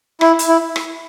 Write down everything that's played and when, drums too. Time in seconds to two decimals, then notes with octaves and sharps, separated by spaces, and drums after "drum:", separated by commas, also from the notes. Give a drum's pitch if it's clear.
0.21 E4, drum: rim click
0.39 drum: hi-hat
0.48 E4
0.76 drum: rim click